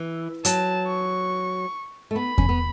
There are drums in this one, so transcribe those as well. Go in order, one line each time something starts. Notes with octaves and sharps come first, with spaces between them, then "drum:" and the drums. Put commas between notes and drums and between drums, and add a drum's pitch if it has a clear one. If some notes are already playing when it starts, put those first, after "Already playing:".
Already playing: E3
F#3 A5, drum: hi-hat
C#6
A3
B3 B5
C#4, drum: kick E2
B3